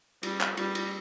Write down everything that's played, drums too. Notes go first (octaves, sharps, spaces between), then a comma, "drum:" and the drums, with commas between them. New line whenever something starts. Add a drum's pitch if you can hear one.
G3, drum: cymbal
drum: clap
G3, drum: cymbal
drum: cymbal